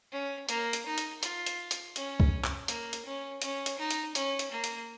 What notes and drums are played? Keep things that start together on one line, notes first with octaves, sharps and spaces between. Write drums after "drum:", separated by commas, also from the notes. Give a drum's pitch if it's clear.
C#4
A#3, drum: hi-hat
drum: hi-hat
D#4
drum: hi-hat
F4, drum: hi-hat
drum: hi-hat
drum: hi-hat
C#4, drum: hi-hat
drum: kick
drum: clap
A#3, drum: hi-hat
drum: hi-hat
C#4
C#4, drum: hi-hat
drum: hi-hat
D#4
drum: hi-hat
C#4, drum: hi-hat
drum: hi-hat
A#3
drum: hi-hat